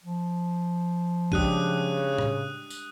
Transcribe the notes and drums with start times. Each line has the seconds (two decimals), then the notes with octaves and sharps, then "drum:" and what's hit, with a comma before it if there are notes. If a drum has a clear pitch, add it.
0.04 F3
1.32 C#3 G#3 D4 G4 D#6 F#6 D#7, drum: kick A#1
2.18 drum: tom A2
2.70 drum: tambourine